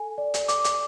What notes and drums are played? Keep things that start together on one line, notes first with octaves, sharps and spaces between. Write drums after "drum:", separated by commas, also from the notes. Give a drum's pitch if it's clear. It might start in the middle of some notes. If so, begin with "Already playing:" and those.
Already playing: A4 G#5
D5
drum: hi-hat
D6, drum: hi-hat
drum: hi-hat